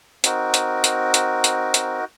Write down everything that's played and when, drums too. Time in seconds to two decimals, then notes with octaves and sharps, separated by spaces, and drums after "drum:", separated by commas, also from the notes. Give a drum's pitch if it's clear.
0.24 C4 D#4 F#4 A#4, drum: hi-hat
0.54 drum: hi-hat
0.84 drum: hi-hat
1.14 drum: hi-hat
1.44 drum: hi-hat
1.74 drum: hi-hat